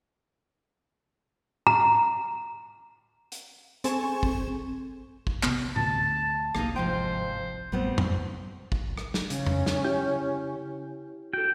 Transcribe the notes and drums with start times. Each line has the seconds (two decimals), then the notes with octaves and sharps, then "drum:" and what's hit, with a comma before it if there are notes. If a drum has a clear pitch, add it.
1.67 A#5, drum: tom A2
3.32 drum: hi-hat
3.84 C4 G#4 A4 G#5 C#6 E7, drum: hi-hat
4.23 drum: kick
5.27 drum: kick
5.43 C3 B3, drum: clap
5.76 D2 A5, drum: tom A2
6.55 G1 C2 G2 A#3 D#4, drum: rim click
6.76 G#2 F3 C5 G5
7.72 A1 G3 B3 C4
7.98 drum: tom F2
8.72 drum: kick
8.98 drum: rim click
9.14 drum: snare
9.30 C#3 C#4, drum: hi-hat
9.47 drum: tom F2
9.66 drum: snare
9.84 E4 G4 G6
11.33 F#4 A4 G5